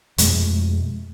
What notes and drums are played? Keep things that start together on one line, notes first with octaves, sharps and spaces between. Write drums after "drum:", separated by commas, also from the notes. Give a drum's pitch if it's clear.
F2 B2 G#3 A3, drum: hi-hat